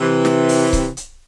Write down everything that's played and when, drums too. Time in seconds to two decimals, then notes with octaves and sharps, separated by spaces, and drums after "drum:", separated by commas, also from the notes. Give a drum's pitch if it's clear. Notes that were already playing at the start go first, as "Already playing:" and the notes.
0.01 C3 E3
0.25 drum: snare
0.49 drum: open hi-hat
0.73 drum: kick C#1, hi-hat
0.97 drum: hi-hat